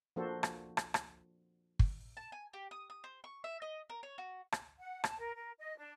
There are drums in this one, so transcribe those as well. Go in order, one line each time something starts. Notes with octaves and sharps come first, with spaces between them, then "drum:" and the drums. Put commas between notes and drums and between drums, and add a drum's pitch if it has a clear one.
F3 A#3 D4 F#4 A4 C5
drum: rim click
drum: rim click
drum: rim click
drum: kick
A5
G#5
G4
D#6
D#6
C5
C#6
E5
D#5
A#4
C#5
F#4
drum: rim click
F#5
A5, drum: rim click
A#4
A#4
D#5
D4